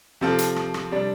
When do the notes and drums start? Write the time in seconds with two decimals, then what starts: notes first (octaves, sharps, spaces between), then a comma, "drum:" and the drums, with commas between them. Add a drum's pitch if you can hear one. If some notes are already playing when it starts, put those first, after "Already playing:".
0.21 C3 F3 C4 F4 A4
0.39 drum: hi-hat
0.56 drum: rim click
0.74 drum: rim click
0.91 C3 G3 D4